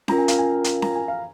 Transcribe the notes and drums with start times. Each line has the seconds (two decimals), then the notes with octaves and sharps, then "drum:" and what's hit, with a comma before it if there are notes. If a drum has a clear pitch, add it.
0.08 C#4 F4 A#4 A#5, drum: snare C#4
0.18 G#5
0.28 F5, drum: hi-hat
0.38 G#5
0.64 drum: hi-hat
0.82 A#5, drum: snare C#4
0.95 G#5
1.08 F5